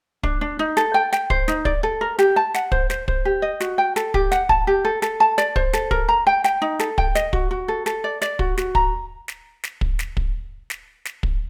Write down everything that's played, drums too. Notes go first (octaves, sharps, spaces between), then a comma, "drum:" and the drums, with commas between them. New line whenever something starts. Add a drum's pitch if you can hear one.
D4, drum: kick
D4
D#4
A4, drum: snare
G5
G5, drum: snare
C5, drum: kick
D#4, drum: snare
D5, drum: kick
A4
A#4
G4, drum: snare
A5
F#5, drum: snare
C5, drum: kick
C5, drum: snare
C5, drum: kick
G4
D#5
F#4, drum: snare
G5
A4, drum: snare
G4, drum: kick
F#5, drum: snare
A5, drum: kick
G4
A4
A4, drum: snare
A5
D5, drum: snare
C5, drum: kick
A4, drum: snare
A#4, drum: kick
A#5
G5
G5, drum: snare
D#4
A4, drum: snare
G5, drum: kick
D#5, drum: snare
F#4, drum: kick
F#4
A4
A4, drum: snare
D5
D5, drum: snare
F#4, drum: kick
F#4, drum: snare
A#5, drum: kick
drum: snare
drum: snare
drum: kick
drum: snare
drum: kick
drum: snare
drum: snare
drum: kick